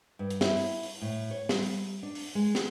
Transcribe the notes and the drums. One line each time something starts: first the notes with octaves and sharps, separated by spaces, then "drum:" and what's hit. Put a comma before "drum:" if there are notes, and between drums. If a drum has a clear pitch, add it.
G2
drum: hi-hat
E4, drum: snare
drum: open hi-hat
drum: open hi-hat
A2
C#5
G3, drum: snare
drum: open hi-hat
D4
drum: open hi-hat
G#3
drum: snare